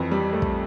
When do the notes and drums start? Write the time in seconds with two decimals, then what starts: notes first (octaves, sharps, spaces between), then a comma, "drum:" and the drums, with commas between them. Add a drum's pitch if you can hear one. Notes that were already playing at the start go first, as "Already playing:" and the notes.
Already playing: F2 E3
0.11 G3
0.33 A3
0.42 drum: kick